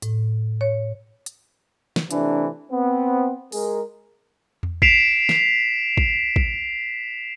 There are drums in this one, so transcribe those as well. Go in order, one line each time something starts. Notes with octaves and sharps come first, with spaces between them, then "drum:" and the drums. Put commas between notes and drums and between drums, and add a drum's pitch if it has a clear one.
A2, drum: hi-hat
C#5
drum: hi-hat
drum: snare
C3 E3 A3 D4, drum: hi-hat
B3 C4
G#3 G#4 A#4, drum: open hi-hat
drum: tom E2
B6 C7 D7 E7 F7, drum: kick
drum: snare
drum: kick
drum: kick